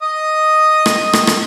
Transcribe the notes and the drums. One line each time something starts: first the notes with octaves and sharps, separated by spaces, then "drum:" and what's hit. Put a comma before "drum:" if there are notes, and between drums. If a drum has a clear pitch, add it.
D#5 D#6
drum: rim click
drum: rim click
drum: rim click